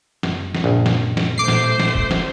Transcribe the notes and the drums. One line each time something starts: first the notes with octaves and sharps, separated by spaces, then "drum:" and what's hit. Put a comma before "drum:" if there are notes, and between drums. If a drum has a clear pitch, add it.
F#1, drum: snare
drum: snare
A#1 F#2 A#2 C#3
drum: snare
drum: snare
A1 A#2 A3 C5 D6 C7
drum: snare
drum: snare
drum: kick
drum: snare